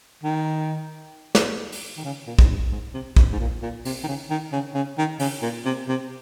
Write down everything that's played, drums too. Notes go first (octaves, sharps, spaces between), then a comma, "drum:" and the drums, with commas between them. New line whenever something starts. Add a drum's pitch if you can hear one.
D#3
drum: snare
drum: open hi-hat
D#3
C#3
A#2
G#2, drum: kick
G2
G#2
C3
C3, drum: kick
G#2
A#2
A#2
C3, drum: open hi-hat
D#3
C#3
D#3
C#3
C#3
D#3
C#3, drum: open hi-hat
A#2
C3
C3